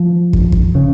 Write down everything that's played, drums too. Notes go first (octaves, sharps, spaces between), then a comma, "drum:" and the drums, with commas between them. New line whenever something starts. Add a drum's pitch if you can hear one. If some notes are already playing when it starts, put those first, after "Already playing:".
Already playing: F3
drum: kick
drum: kick
C#3